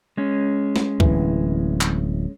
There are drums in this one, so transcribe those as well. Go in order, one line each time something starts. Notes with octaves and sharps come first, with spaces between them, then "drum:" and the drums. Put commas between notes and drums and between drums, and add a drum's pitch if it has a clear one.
G#3 C#4
drum: snare
D1 E3, drum: kick C#2
drum: clap